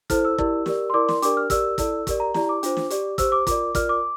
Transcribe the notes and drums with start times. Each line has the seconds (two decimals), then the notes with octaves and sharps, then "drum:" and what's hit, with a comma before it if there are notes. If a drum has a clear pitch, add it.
0.10 E4 A4 C5 F6, drum: kick, hi-hat
0.25 E6
0.38 E4 G4 A#4 D5, drum: kick
0.66 G4 A#4 D5, drum: snare
0.90 C6
0.94 E4 A#4 D5 D6
1.08 C6, drum: snare
1.22 D4 G4 A#4 D5 D6, drum: hi-hat
1.37 F6
1.50 G4 A#4 D5 E6, drum: kick, hi-hat
1.78 E4 A4 D5, drum: kick, hi-hat
2.07 G4 A#4 D5, drum: kick, hi-hat
2.20 A#5
2.34 E4 G4 D5 A#5, drum: snare
2.49 D6
2.63 D4 F4 C5, drum: hi-hat
2.77 drum: snare
2.90 G4 D5, drum: hi-hat
3.18 G4 C5 E6, drum: kick, hi-hat
3.32 D6
3.47 F4 A#4 D5 D6, drum: kick, hi-hat
3.75 F4 A#4 D5 F6, drum: kick, hi-hat
3.89 D6